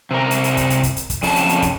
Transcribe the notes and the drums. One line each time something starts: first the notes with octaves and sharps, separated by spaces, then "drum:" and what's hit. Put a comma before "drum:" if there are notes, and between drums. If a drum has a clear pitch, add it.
C3 A#4
drum: hi-hat
drum: hi-hat
drum: kick, hi-hat
drum: hi-hat
drum: kick, hi-hat
drum: hi-hat
drum: kick, hi-hat
F2 C#3 A5, drum: open hi-hat
drum: hi-hat
drum: hi-hat
drum: kick, hi-hat